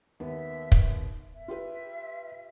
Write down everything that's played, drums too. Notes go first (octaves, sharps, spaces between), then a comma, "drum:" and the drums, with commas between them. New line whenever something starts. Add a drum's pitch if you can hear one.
D#2 B3 E5
drum: kick
E5
F4 G4 B4